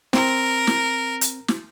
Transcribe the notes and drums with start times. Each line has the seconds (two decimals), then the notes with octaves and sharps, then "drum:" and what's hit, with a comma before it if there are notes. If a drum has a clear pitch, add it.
0.13 C4 A#4, drum: snare
0.67 drum: snare
1.21 drum: hi-hat
1.48 drum: snare